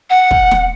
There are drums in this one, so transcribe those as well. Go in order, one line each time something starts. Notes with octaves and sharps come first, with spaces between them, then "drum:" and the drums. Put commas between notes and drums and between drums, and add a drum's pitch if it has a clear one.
F#5
drum: kick
drum: snare